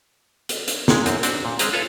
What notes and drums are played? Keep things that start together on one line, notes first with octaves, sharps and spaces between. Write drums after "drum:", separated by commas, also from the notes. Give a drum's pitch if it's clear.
drum: hi-hat
drum: hi-hat
A#2 G#3, drum: snare
F#2 C4, drum: hi-hat
C4 D4 F#4 D5, drum: hi-hat
A#2
G#3 C4 C#4 G4 G#4 A#5, drum: hi-hat
F4 A4 B4 C#5 E5 F5